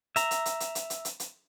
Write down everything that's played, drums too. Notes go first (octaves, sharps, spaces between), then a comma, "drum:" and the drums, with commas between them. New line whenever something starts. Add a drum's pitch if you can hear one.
E5 A#5, drum: hi-hat
drum: hi-hat
drum: hi-hat
drum: hi-hat
drum: hi-hat
drum: hi-hat
drum: hi-hat
drum: hi-hat